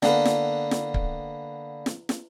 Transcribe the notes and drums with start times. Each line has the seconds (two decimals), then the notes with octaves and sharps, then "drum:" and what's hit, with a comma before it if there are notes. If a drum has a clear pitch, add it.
0.03 D3 A#3 B3, drum: snare
0.25 drum: snare
0.71 drum: snare
0.94 drum: kick
1.86 drum: snare
2.09 drum: snare